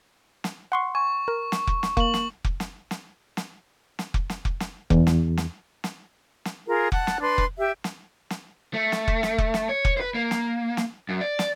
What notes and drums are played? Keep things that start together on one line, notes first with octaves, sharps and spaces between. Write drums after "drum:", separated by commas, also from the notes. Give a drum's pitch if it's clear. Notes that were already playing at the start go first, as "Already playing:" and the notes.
drum: snare
F#5 C6 C#6
G#5 C#6
A#4
drum: snare
drum: kick F1
drum: snare
A#3 C#6 F#7, drum: kick F1
drum: snare
drum: kick F1
drum: snare
drum: snare
drum: snare
drum: snare
drum: kick F1
drum: snare
drum: kick F1
drum: snare
E2, drum: kick F1
drum: snare
drum: snare
drum: snare
drum: snare
F4 G#4 A#4
F#5 A5 F#6, drum: kick F1
drum: snare
D4 B4 C6
drum: kick F1
G4 E5
drum: snare
drum: snare
A3
drum: snare
drum: kick F1
drum: snare
drum: kick F1
drum: snare
C#5
drum: kick F1
B4 C5
A#3
drum: snare
drum: snare
F#2
D5
drum: snare